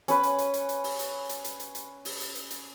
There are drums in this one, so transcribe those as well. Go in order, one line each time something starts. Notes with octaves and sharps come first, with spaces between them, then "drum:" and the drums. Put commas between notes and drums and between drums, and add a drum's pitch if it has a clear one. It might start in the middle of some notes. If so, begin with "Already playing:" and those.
C#4 B4, drum: hi-hat
drum: hi-hat
drum: hi-hat
drum: hi-hat
drum: hi-hat
drum: open hi-hat
drum: hi-hat
drum: hi-hat
drum: hi-hat
drum: hi-hat
drum: hi-hat
drum: open hi-hat
drum: hi-hat
drum: hi-hat
drum: hi-hat